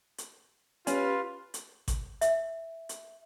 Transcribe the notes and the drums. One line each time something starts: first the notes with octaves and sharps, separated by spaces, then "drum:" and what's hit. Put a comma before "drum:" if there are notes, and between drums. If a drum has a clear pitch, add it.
drum: hi-hat
C#4 F4 G4 B4, drum: hi-hat
drum: hi-hat
drum: kick G#1, hi-hat
E5, drum: hi-hat
drum: hi-hat